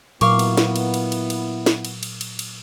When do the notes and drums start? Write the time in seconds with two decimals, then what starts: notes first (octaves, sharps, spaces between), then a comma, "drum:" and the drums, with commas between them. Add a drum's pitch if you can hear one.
0.21 A#2 F#3 B3 E4 A#4 F5 C#6 D6, drum: cymbal
0.39 drum: cymbal
0.57 drum: snare
0.76 drum: cymbal
0.94 drum: cymbal
1.12 drum: cymbal
1.30 drum: cymbal
1.66 drum: snare
1.85 drum: cymbal
2.03 drum: cymbal
2.21 drum: cymbal
2.39 drum: cymbal